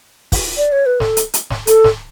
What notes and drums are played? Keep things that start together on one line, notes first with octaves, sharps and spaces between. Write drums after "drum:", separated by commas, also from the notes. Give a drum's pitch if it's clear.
drum: kick, open hi-hat
D5
C#5
B4
A4, drum: snare
drum: hi-hat
drum: hi-hat
drum: snare
A4, drum: hi-hat
drum: snare